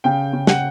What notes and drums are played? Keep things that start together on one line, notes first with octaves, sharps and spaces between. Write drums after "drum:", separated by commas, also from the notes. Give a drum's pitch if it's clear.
C#3 G5
C#3
F#5, drum: snare